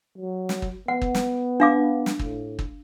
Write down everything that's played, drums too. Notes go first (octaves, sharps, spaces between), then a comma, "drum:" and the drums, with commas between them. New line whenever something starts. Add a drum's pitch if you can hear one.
F#3
drum: snare
drum: kick
B3 F#5
drum: kick
drum: snare
D4 F5 D6
drum: snare
A2, drum: kick
drum: kick